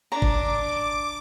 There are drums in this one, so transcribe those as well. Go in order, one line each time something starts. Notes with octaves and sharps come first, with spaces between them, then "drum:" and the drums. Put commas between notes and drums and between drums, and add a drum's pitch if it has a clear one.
D4 A#5 D6
drum: kick G#1